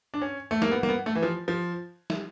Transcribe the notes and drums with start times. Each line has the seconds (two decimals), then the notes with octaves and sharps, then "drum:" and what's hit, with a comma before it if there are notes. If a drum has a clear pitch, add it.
0.14 D4
0.22 C#4
0.51 A3
0.62 A#3, drum: snare
0.72 B3
0.83 A#3, drum: tom
0.89 B3
1.06 A3
1.15 E3
1.23 F3
1.48 F3
2.10 drum: snare